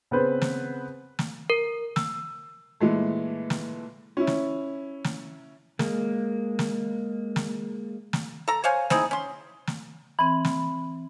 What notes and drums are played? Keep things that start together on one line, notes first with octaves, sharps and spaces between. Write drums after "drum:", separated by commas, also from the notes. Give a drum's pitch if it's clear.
C#3 B3 C4 B4 C5
drum: snare
drum: snare
A#4
E6, drum: snare
A#2 E3 G#3 A3
drum: snare
C#4 E4
drum: snare
drum: snare
G#3 A#3, drum: snare
drum: snare
drum: snare
drum: snare
A4 A#5
C5 C#5 F5 G#5
C4 D#4 E4 G#4, drum: snare
C#4 C6
drum: snare
E3 C4 B5
drum: snare